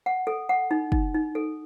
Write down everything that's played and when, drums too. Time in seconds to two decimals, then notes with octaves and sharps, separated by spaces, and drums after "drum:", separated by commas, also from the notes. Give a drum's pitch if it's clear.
0.06 F#5
0.27 A4
0.49 F#5
0.71 D#4
0.92 D#4, drum: kick
1.14 D#4
1.35 A4